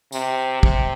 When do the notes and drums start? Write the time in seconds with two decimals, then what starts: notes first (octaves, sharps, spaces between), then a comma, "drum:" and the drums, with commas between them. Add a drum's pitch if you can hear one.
0.12 C3, drum: tambourine
0.63 C3, drum: kick